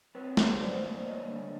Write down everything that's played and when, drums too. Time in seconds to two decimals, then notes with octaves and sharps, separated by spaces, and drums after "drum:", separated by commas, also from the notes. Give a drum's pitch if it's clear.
0.15 C4 B4 C#5
0.37 G3, drum: snare
0.61 F#2 C5 D5
0.84 A#3
1.06 G3 C#5 D#5
1.29 D3